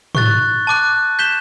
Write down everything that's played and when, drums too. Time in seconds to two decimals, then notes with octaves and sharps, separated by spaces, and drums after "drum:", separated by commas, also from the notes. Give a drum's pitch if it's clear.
0.15 C#6 F#6 A6, drum: tom
0.67 A5 D6 F#6
1.19 G6 B6 E7 G7